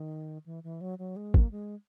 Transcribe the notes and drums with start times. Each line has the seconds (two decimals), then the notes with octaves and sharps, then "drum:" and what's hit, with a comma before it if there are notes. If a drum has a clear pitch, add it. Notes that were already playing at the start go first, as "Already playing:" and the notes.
Already playing: D#3
0.46 E3
0.64 E3
0.81 F#3
0.99 F#3
1.16 G#3
1.34 A#3, drum: kick G#1
1.51 G#3